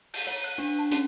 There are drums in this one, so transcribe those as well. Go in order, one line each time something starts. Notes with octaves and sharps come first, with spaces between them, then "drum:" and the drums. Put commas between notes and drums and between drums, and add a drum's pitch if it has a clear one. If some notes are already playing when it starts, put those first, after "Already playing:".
G6, drum: open hi-hat
C#5
F#6
D4
A5
C#4, drum: hi-hat